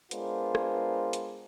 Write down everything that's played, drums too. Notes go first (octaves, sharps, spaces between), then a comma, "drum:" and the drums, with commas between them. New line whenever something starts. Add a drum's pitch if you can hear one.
G#3 B3 D4 F4 A#4 C5, drum: hi-hat
drum: rim click
drum: hi-hat